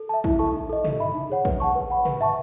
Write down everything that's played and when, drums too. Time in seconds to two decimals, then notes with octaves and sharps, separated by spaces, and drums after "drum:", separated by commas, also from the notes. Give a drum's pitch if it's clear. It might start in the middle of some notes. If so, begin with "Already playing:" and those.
Already playing: A4
0.09 E5 A5
0.24 E4, drum: kick
0.39 A4 E5 A5 C#6
0.54 D#4
0.69 A4 D#5
0.84 A4, drum: tom
1.00 E5 B5
1.14 D#4
1.30 G#4 C#5 F#5
1.45 B4, drum: kick
1.60 F#5 A5 C#6
1.75 B4
1.90 F#5 B5
2.05 B4, drum: tom
2.21 E5 A5 C#6